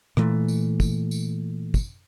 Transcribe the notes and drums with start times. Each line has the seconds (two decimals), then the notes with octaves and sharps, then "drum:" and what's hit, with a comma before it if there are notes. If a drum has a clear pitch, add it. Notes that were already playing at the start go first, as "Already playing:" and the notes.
0.17 A#2 E3 A3, drum: rim click
0.48 drum: tambourine
0.80 drum: kick, tambourine
1.11 drum: tambourine
1.74 drum: kick, tambourine